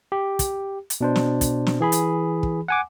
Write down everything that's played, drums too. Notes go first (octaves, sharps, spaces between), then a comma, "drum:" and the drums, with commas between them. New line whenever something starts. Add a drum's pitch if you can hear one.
G4
drum: kick, hi-hat
drum: hi-hat
B2 D4 C5
drum: snare
drum: kick, hi-hat
drum: snare
E3 G#4 B5
drum: hi-hat
drum: kick
F#5 G#5 D6